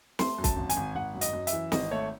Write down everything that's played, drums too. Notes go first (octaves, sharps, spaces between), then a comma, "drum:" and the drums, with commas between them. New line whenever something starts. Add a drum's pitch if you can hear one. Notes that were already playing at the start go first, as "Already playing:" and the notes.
A3 C6, drum: snare
F#2
A5, drum: kick C2, hi-hat
G#1
G#5, drum: hi-hat
G#1
G#1 F#5
F#2
D#5, drum: hi-hat
F#2
E5, drum: hi-hat
E3
G#1 D#5, drum: snare
A3 C#5